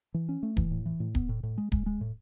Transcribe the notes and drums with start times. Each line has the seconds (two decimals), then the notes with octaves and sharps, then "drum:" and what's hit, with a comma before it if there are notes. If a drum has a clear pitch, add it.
0.14 E3
0.29 C#4
0.43 A3
0.57 E3, drum: kick D1
0.71 A2
0.86 E3
1.00 A2
1.15 B3, drum: kick D1
1.29 A2
1.43 A2
1.58 G#3
1.72 G#3, drum: kick D1
1.86 G#3
2.01 A2